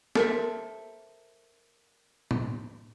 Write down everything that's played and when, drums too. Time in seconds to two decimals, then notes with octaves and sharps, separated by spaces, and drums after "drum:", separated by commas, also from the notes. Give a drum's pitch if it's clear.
0.15 A4 A#4 C5 E5, drum: snare
2.31 drum: tom A2